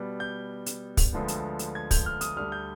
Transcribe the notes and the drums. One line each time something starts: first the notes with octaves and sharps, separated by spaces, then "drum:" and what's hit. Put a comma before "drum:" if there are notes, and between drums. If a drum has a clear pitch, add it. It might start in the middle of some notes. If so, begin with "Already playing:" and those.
Already playing: B2 G3 B3
G6
drum: hi-hat
drum: kick, open hi-hat
D2 D3 F3 G#3 B3
drum: hi-hat
drum: hi-hat
G#6
G6, drum: kick, open hi-hat
F6
D#6, drum: hi-hat
D2 D3 G3 F6
G6